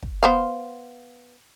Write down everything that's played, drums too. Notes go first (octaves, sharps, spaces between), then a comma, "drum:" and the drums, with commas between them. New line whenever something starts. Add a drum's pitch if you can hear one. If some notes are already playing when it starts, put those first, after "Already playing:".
drum: kick
B3 C5 F5